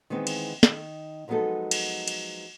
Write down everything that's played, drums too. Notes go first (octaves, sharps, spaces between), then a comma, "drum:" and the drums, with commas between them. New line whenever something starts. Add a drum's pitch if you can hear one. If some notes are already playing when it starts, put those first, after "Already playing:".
D#3 E3 G#3 B3 C4
drum: cymbal
D#3, drum: snare
F3 F#3 G#3 B3 D#4 A4
drum: cymbal
drum: cymbal